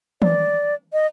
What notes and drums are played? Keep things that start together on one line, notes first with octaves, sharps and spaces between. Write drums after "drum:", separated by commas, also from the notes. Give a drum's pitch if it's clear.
D5, drum: tom
D#5